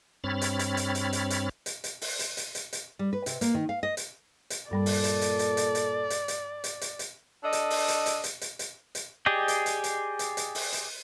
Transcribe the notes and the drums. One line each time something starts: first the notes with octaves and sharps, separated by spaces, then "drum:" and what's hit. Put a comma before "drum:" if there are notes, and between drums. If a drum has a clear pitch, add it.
G2 C4 C#5 B5 F6 A6
drum: hi-hat
drum: hi-hat
drum: hi-hat
drum: hi-hat
drum: hi-hat
drum: hi-hat
drum: hi-hat
drum: hi-hat
drum: open hi-hat
drum: hi-hat
drum: hi-hat
drum: hi-hat
drum: hi-hat
G3
B4
C3, drum: hi-hat
A#3, drum: hi-hat
D#3
F5
D#5
drum: hi-hat
drum: hi-hat
G2 A#2 G3 A4 D5 B5
drum: open hi-hat
drum: hi-hat
drum: hi-hat
drum: hi-hat
drum: hi-hat
drum: hi-hat
drum: hi-hat
drum: hi-hat
drum: hi-hat
drum: hi-hat
drum: hi-hat
D4 A4 D#5
drum: hi-hat
drum: open hi-hat
drum: hi-hat
drum: hi-hat
drum: hi-hat
drum: hi-hat
drum: hi-hat
drum: hi-hat
G4 G#4 D5 D#5 G5
drum: hi-hat
drum: hi-hat
drum: hi-hat
drum: hi-hat
drum: hi-hat
drum: open hi-hat
drum: hi-hat